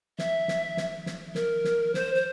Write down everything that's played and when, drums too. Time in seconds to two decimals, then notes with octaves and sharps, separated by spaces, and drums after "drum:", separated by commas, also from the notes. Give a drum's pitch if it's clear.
0.19 E5, drum: snare
0.48 drum: snare
0.77 drum: snare
1.06 drum: snare
1.35 A#4, drum: snare
1.64 drum: snare
1.94 C5, drum: snare
2.15 C5